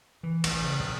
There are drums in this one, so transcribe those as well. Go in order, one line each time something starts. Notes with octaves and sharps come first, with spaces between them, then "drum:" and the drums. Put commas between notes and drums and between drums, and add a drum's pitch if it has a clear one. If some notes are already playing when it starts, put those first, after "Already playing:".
E3
A1, drum: cymbal
C#3
A#1